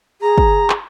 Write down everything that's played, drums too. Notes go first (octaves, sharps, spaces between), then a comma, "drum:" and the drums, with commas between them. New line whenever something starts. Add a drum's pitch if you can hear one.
G#4 A#5
drum: kick
drum: clap